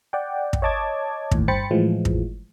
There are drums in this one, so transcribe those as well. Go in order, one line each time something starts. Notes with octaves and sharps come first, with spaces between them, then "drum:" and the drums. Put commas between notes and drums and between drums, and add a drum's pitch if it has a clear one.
D5 F#5 G5
drum: kick
C#5 D#5 A5 D6 G#6
A1 D#2 A2, drum: kick
G2 C5 G5 B5 A6 C#7
A2 E3 F3 G#3
drum: kick